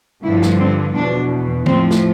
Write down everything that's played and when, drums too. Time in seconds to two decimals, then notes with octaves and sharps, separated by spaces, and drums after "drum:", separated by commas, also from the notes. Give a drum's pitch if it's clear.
0.24 G2 D3 F3 E4
0.42 drum: snare
0.59 C4
0.95 E2 B2 D4
1.66 A2 F3 C4, drum: tom D3
1.91 drum: snare